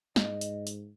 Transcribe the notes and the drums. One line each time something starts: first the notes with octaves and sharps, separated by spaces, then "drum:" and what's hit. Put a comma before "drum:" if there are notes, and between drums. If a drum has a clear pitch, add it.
G#2 D#5, drum: snare
drum: hi-hat
drum: hi-hat